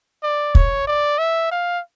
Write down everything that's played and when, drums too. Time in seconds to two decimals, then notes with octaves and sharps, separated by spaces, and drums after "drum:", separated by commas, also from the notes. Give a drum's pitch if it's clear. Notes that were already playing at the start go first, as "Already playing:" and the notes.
0.23 D5
0.55 C#5, drum: kick
0.87 D5
1.18 E5
1.51 F5